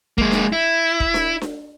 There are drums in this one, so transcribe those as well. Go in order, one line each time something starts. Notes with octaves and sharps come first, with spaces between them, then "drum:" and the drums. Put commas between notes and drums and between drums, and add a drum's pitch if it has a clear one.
G#3 A#3, drum: kick
drum: snare D4
E4
drum: kick
drum: snare D4
drum: snare D4